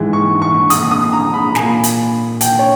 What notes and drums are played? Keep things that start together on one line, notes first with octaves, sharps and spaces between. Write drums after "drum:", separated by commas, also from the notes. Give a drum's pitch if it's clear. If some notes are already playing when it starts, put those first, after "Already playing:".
Already playing: G#2 E3 G#3
C#6
C#6
D#6, drum: hi-hat
D#6
A#5
B5
A#2 A#3 G#5, drum: snare
drum: hi-hat
G5, drum: hi-hat
C#5